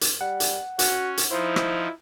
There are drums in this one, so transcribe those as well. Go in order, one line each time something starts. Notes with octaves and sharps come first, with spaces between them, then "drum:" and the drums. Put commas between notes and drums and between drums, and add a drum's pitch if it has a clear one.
drum: hi-hat
G3 F#5
drum: hi-hat
C#4 F#4, drum: hi-hat
drum: hi-hat
F3 D#4 E4 C5
drum: rim click